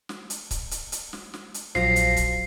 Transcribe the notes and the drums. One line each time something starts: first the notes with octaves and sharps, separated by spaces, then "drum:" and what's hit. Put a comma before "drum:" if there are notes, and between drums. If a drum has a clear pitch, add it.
drum: snare
drum: hi-hat
drum: kick C#1, hi-hat
drum: hi-hat
drum: hi-hat
drum: snare
drum: snare
drum: hi-hat
A#1 F3 F#3 A#6 C7, drum: snare
drum: hi-hat
drum: kick C#1, hi-hat